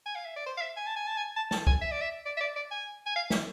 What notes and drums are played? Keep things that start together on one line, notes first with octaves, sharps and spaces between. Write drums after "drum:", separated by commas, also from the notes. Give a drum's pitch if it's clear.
G#5
F5
E5
D5
C5
F5
E5
G#5
A5
G#5
A5
G#5
A5
A5, drum: snare
G#5, drum: kick C2
E5
D5
E5
D5
E5
D5
D5
G#5
G#5
F5
E5, drum: snare